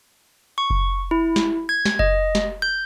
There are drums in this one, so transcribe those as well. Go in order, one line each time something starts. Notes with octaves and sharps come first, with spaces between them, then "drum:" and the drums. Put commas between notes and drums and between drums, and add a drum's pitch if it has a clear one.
C#6
drum: kick F#1
E4
drum: snare
G#6
drum: snare
D#5, drum: kick F#1
drum: snare
G6